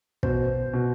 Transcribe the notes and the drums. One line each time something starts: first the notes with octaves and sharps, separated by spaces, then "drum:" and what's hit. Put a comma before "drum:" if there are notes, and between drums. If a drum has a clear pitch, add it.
B2 C5, drum: kick
B2